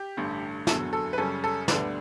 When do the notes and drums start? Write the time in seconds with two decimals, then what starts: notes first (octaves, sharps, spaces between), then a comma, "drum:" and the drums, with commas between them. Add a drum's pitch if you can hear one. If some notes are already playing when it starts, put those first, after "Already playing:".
Already playing: G4
0.17 A1 G2 D3
0.67 F#1 E2 D3 F#3 A4, drum: snare
0.93 A4
1.13 B4
1.18 F#2 C#3 G3 C#4 A4
1.44 A4
1.68 D2 D3 G3 B3 D4 B4, drum: snare